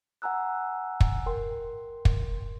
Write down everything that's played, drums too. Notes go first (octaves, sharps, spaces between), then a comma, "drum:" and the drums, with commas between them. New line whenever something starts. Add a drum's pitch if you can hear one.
F#5 G#5 A#5 E6 F#6
drum: kick
A#4 G5 C6
drum: kick